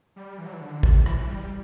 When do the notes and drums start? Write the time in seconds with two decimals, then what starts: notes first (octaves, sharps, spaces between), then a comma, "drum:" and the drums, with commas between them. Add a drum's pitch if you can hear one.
0.16 G3
0.38 E3
0.46 F#3
0.53 E3
0.61 D3
0.83 C3, drum: kick
1.06 E3, drum: rim click
1.28 G3